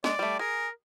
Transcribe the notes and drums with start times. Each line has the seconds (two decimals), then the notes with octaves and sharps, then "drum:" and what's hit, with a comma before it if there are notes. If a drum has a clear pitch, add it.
0.04 G#3 D5, drum: snare
0.19 G3 A3
0.39 G#4 A#4